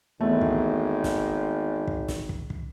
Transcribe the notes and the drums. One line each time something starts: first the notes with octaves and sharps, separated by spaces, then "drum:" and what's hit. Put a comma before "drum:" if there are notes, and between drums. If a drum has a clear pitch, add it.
G#1 E2 A3
drum: kick
drum: snare
drum: kick
drum: snare
drum: kick
drum: kick